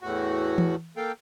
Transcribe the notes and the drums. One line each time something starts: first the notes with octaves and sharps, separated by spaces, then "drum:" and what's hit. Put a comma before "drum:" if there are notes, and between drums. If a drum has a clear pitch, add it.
E2 A2 F#4
drum: tom E3
A#3 A4 F5 G5